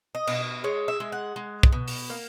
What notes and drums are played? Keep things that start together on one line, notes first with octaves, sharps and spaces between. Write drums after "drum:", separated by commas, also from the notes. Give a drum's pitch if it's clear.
D#5
B2, drum: cymbal
G#3 C#5
E5
G#3
F#5
G#3
drum: kick
B2
drum: open hi-hat
A#3